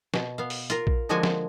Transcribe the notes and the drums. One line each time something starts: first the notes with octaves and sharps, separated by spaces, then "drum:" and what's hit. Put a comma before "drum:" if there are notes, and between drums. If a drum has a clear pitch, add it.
B2, drum: snare
B3 F5
drum: open hi-hat
F4 A#4, drum: hi-hat
drum: kick A#1
D3 F3 G#3 A#3 F#4 G#5
drum: snare